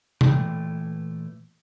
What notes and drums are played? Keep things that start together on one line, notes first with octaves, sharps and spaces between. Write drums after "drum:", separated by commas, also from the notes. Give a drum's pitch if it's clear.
A#2 E3 A3 G5, drum: tom